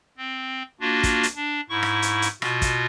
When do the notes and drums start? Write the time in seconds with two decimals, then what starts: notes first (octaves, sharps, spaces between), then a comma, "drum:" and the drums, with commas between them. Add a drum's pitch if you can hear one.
0.17 C4
0.81 A#3 D4 F4 F#4
1.03 drum: kick, hi-hat
1.23 drum: hi-hat
1.36 D4
1.70 G#2 E4 C#6
1.83 drum: rim click
2.02 drum: hi-hat
2.22 drum: hi-hat
2.42 B2 F4 F#4, drum: rim click
2.62 drum: kick, hi-hat